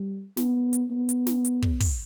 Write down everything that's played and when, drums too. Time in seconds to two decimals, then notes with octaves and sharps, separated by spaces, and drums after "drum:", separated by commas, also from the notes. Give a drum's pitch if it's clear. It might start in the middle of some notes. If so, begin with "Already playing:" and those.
Already playing: G3
0.37 B3, drum: snare
0.73 drum: hi-hat
0.91 B3
1.09 drum: hi-hat
1.27 drum: snare
1.45 drum: hi-hat
1.62 drum: kick
1.80 drum: kick, open hi-hat